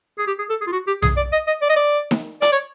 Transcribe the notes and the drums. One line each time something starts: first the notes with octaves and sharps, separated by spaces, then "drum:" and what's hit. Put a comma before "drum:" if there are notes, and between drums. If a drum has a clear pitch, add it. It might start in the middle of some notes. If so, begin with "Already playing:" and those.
G#4
G4
G#4
A4
G#4
F4
F#4
G4
G#4, drum: tom B1
D5
D#5
D#5
D5
D#5
D5
drum: snare D#4
D5, drum: hi-hat
C#5